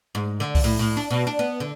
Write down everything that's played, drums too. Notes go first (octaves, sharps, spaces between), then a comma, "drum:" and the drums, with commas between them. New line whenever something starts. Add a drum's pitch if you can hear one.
G#2
D3
drum: kick C2, open hi-hat
A2
A2
D4
B2
D4
B3
D3